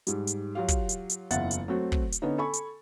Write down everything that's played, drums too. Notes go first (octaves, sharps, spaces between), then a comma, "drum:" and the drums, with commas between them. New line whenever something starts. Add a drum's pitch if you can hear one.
G#2 G3, drum: hi-hat
drum: hi-hat
F#3 F4 G4 F5
drum: kick, hi-hat
drum: hi-hat
drum: hi-hat
F#1 E2 F4 E5 F#5 A6, drum: hi-hat
drum: hi-hat
F#3 A3 C4 F#4
drum: kick
drum: hi-hat
D3 B3 C#4 D#4
A4 G#5 B5 C#6
drum: hi-hat